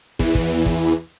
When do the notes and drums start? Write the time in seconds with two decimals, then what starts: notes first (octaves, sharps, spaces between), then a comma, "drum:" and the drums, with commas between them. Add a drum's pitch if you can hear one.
0.19 E2 E3, drum: kick, hi-hat
0.35 drum: kick
0.50 drum: hi-hat
0.66 drum: kick, hi-hat
0.97 drum: hi-hat